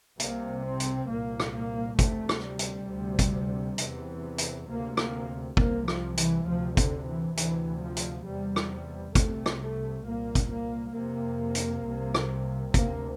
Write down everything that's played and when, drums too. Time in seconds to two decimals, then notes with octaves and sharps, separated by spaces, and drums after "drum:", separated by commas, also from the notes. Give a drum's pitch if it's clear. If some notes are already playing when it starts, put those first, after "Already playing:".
0.20 C2 C3 A#3, drum: hi-hat
0.66 C4
0.80 drum: hi-hat
1.09 C2 A#2 A#3
1.40 drum: rim click
1.54 A#3
1.99 D2 C3 A3, drum: kick, hi-hat
2.29 drum: rim click
2.44 G3
2.59 drum: hi-hat
2.88 D2 C3
3.19 drum: kick, hi-hat
3.78 E2 C3 E3, drum: hi-hat
4.38 drum: hi-hat
4.68 D2 C3 A#3
4.97 A#3, drum: rim click
5.57 C2 C3 A#3, drum: kick
5.88 F3, drum: rim click
6.17 E3, drum: hi-hat
6.47 D2 C3 F3
6.77 D3, drum: kick, hi-hat
7.07 E3
7.37 D2 C3 E3, drum: hi-hat
7.82 F3
7.97 drum: hi-hat
8.26 E2 C3 G3
8.56 drum: rim click
8.71 G3
9.15 C2 C3 A3, drum: kick, hi-hat
9.46 drum: rim click
9.61 A3
10.06 C2 A#2 A#3
10.35 drum: kick, hi-hat
10.50 A#3
10.95 F2 C3 A#3
11.55 drum: hi-hat
11.84 C2 C3
12.15 drum: rim click
12.74 D2 C3 A#3, drum: kick, hi-hat